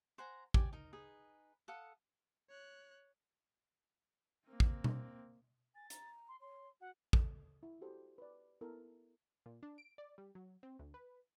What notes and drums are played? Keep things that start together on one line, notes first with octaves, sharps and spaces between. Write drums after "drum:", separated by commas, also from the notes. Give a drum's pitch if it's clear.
C5 F#5 G#5 A#5
G4 D5 G5 G#5, drum: kick
D#4 A#4
D#4 G#4 B4
A4 F5 F#5 D#6
C#5 F#6
A#3 C4
drum: kick
drum: tom B2
G#5 A6
A#5, drum: hi-hat
C6
C#5 C6
F#4 F#5
A4, drum: kick
E4
F#4 G4 A4 C5
B4 D5
B3 E4 A4 A#4
A#2
D4
D7
D5
G3
F#3
C4
D2
B4